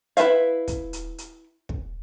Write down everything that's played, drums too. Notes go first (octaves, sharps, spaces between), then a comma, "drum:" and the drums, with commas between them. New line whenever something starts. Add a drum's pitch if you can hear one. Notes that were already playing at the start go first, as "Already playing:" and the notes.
E4 A4 B4 E5 F5, drum: hi-hat
drum: kick, hi-hat
drum: hi-hat
drum: hi-hat
drum: kick